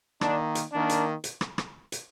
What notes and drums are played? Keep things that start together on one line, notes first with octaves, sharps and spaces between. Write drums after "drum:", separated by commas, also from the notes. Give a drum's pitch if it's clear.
D#3 A#3 D4, drum: rim click
drum: hi-hat
D#3 A#3 D4
drum: hi-hat
drum: hi-hat
drum: rim click
drum: rim click
drum: hi-hat